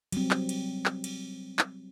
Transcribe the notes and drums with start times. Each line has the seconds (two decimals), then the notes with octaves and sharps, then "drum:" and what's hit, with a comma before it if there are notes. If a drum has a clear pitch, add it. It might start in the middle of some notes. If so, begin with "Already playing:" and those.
0.12 F#3 G3 C4, drum: cymbal
0.31 drum: clap
0.49 drum: cymbal
0.86 drum: clap
1.04 drum: cymbal
1.59 drum: clap